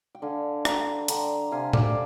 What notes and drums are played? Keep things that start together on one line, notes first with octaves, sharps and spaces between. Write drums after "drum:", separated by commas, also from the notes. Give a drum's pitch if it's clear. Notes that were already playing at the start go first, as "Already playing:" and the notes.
G5
D3 F5 G#5
G3 G5 A#5, drum: rim click
D3 G5 A#5, drum: hi-hat
C3 F5 G#5
D5 F5, drum: tom A2